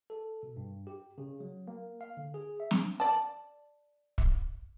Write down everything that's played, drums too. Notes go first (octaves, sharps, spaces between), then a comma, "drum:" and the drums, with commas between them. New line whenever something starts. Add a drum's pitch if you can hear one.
A4
B2
G2
G4
C#3
F#3
A#3
F5
D3
G#4
E5
drum: snare
D5 A5
drum: kick